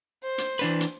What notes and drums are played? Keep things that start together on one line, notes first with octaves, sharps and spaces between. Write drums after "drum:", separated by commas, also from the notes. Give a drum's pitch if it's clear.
C5
drum: hi-hat
E3 D4 B4
drum: hi-hat